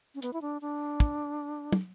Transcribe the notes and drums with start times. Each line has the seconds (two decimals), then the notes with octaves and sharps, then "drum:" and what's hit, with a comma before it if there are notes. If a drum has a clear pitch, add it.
0.15 C#4
0.22 B3, drum: hi-hat
0.33 E4
0.42 D4
0.62 D4
1.00 drum: kick
1.72 drum: tom